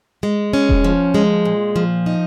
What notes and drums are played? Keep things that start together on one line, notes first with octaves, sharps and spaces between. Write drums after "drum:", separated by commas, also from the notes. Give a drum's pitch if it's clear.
G#3
C#4
drum: kick E1
F3
G#3
A#2
F3
D#4